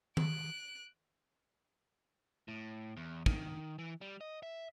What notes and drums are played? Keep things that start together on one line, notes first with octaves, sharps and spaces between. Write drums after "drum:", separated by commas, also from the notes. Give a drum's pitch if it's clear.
F#6 D7, drum: tom D#3
A2
E2
D#3, drum: kick
E3
G3
D#5
E5